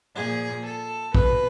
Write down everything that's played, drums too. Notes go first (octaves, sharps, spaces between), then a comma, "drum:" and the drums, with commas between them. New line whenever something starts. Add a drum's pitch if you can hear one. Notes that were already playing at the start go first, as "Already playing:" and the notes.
A#2 F3 G#4
A4
B2 B4, drum: kick